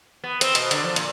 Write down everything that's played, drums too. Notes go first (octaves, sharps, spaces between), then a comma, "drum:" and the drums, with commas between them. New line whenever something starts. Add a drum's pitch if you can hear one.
B3
C4, drum: hi-hat
B2, drum: hi-hat
D3, drum: hi-hat
F3
A#2, drum: hi-hat